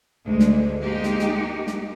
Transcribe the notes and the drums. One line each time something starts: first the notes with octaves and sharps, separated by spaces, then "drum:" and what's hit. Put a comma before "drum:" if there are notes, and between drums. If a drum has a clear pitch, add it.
D2 G#3
drum: snare
G#3 A#3 D#4 G4
drum: snare
drum: snare
drum: snare